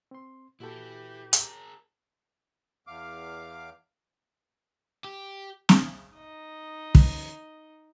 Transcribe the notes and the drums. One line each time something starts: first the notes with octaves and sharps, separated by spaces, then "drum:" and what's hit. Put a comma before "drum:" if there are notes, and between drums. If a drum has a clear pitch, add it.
C4 C6
A#2 E4 F#4 G4 A4 B4
G#4 A#4, drum: hi-hat
E2 F5 D6
G4
drum: snare
D#4 D#5
drum: kick